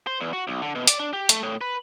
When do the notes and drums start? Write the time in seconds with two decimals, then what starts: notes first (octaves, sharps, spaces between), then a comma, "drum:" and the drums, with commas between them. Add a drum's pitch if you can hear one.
0.07 C5
0.21 E2
0.33 F#4
0.47 B1
0.62 D3
0.75 B2
0.87 D5, drum: hi-hat
0.99 D4
1.13 G4
1.29 A3, drum: hi-hat
1.43 A2
1.61 B4